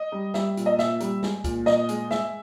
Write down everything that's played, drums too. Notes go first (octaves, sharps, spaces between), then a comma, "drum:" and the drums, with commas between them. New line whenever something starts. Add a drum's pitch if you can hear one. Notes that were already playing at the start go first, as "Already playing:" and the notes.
Already playing: D#5
G3
G3 E5, drum: snare
A#2, drum: hi-hat
D#5
A#2 E5, drum: snare
G3, drum: hi-hat
G#3, drum: snare
A#2, drum: kick, hi-hat
A#2 D#5, drum: snare
G#3, drum: hi-hat
G#3 E5, drum: snare